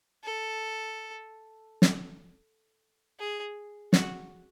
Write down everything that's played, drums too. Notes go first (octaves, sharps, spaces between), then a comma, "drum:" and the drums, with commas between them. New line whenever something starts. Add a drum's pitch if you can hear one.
A4
drum: snare
G#4
F#4, drum: snare